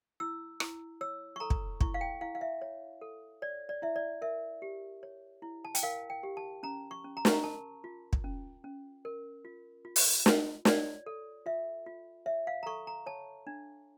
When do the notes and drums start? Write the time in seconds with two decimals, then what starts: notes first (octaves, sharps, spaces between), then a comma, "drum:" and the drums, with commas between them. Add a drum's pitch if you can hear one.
0.20 E4 E6
0.60 E4, drum: rim click
1.01 C#5 E6
1.36 C#6
1.40 A4 A#5
1.50 drum: kick
1.81 E4 C#6, drum: kick
1.94 F5
2.01 G5
2.21 E4 F5
2.35 F5
2.41 E5
2.62 C#5
3.01 A4
3.42 C#5 D5
3.69 D5
3.82 E4 E5
3.96 D5
4.22 A#4 E5
4.62 G4
5.03 C#5
5.42 E4
5.65 A5
5.75 G5, drum: hi-hat
5.83 A#4 F5
6.10 G5
6.23 G4
6.37 A5
6.63 C#4 A#5
6.91 C#6
7.04 C#4
7.17 A#5
7.25 C#6, drum: snare
7.33 A#5
7.44 A#4 A5
7.84 F4
8.13 drum: kick
8.24 C#4
8.64 C#4
9.05 A#4
9.45 F4
9.85 F4
9.96 drum: open hi-hat
10.26 F4, drum: snare
10.65 C#5 D5, drum: snare
11.06 A4
11.46 F4 E5
11.86 F4
12.26 C#5 E5
12.47 F5
12.63 A#5
12.66 A4 C#6
12.87 A#5
13.06 C#5 A5
13.47 D4